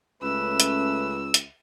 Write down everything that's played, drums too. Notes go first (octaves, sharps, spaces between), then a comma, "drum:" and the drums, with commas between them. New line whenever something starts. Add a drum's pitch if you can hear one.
C#2 A3 C#4 B4 E6
drum: hi-hat
drum: hi-hat